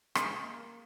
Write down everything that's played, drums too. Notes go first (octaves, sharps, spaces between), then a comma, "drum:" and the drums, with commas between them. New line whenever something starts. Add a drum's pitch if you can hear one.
G#3, drum: rim click
A#3